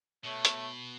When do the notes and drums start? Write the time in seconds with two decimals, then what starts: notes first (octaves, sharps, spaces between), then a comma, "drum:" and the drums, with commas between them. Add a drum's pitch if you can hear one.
0.25 B2 A3 C#5
0.45 drum: hi-hat